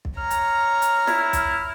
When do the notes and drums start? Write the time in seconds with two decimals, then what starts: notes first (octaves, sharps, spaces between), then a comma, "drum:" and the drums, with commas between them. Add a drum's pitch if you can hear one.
0.05 drum: kick
0.17 C#5 A#5 F6
0.30 drum: hi-hat
0.82 drum: hi-hat
1.07 E4, drum: snare
1.33 drum: kick, hi-hat